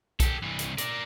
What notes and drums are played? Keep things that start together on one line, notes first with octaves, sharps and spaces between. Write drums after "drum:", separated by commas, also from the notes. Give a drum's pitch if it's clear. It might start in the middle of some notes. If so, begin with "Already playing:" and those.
G4 A4, drum: kick B1, hi-hat
C2 E3
drum: hi-hat
A#4 D5, drum: hi-hat